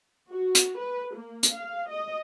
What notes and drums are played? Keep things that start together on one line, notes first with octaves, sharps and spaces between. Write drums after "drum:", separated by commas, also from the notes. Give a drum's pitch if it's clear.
F#4
drum: hi-hat
B4
A#3
drum: hi-hat
F5
D#5